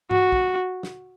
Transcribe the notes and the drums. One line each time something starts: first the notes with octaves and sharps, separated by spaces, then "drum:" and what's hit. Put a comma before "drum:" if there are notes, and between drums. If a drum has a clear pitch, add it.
F#4, drum: tom G2
drum: kick
drum: snare